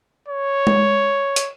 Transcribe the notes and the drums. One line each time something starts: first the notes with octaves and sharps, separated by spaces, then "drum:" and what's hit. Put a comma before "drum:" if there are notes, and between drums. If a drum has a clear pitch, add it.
C#5
drum: tom G#3
drum: hi-hat